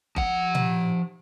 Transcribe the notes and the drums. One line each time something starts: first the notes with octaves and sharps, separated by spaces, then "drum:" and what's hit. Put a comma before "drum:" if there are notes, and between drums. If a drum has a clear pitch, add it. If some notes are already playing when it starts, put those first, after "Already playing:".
F3 F#5, drum: kick F#1
drum: tom A#2